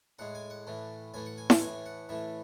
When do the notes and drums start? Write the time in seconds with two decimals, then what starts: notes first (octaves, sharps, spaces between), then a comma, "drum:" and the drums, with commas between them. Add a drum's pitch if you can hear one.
0.19 A2 G#3 F#5
0.35 G#5
0.50 F#5
0.67 A2 E3 A3
1.14 A2 E3 A3 G#5
1.26 F#5
1.38 G#5
1.50 F#5, drum: snare E4
1.61 A2 E3 A3 G#5
1.86 F#5
2.09 A2 E3 A3 E5